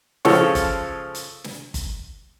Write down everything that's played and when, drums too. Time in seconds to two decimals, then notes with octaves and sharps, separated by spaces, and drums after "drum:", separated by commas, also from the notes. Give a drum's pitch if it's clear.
0.25 C#3 F3 G#3 A4 C#5, drum: snare
0.55 drum: kick G1, hi-hat
1.15 drum: hi-hat
1.44 drum: snare
1.74 drum: kick G1, hi-hat